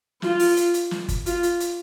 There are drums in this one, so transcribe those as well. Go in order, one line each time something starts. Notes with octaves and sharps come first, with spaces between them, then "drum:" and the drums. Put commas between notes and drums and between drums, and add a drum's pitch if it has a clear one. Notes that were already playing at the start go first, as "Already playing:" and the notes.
F4, drum: snare
drum: open hi-hat
drum: hi-hat
drum: hi-hat
drum: snare
drum: kick G1, hi-hat
F4, drum: hi-hat
drum: hi-hat
drum: hi-hat